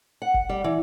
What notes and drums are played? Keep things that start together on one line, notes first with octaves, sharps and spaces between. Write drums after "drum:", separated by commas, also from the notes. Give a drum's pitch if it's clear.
F#5
drum: kick
G3
E3